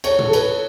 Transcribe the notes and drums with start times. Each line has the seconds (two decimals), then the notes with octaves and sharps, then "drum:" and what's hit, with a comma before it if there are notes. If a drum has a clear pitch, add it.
0.04 C#5, drum: cymbal
0.19 drum: tom
0.28 A4
0.33 B4, drum: cymbal